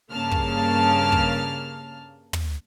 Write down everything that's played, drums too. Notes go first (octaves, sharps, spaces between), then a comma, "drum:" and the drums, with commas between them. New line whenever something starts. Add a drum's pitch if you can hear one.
G2 C#3 A#3 A5 F6
drum: kick
drum: kick
drum: tom